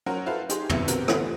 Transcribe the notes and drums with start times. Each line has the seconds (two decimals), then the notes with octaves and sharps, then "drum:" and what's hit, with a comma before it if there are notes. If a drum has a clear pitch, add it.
0.06 F#3 C#4 A#4 C5 F#5
0.26 E4 F#4 A4 B4 C5 F5
0.49 D#4 G4 G#4 C6, drum: hi-hat
0.70 G1 F2 B2 E4 E6 C#7, drum: tom
0.88 B3 C4 F#4 G4 A#4, drum: hi-hat
1.08 D3 E3 A3 B3, drum: rim click